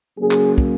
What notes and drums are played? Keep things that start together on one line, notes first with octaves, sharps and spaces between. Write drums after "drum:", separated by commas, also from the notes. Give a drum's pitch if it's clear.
C#3 F#3 A#3 C#4 G#4
drum: clap
drum: kick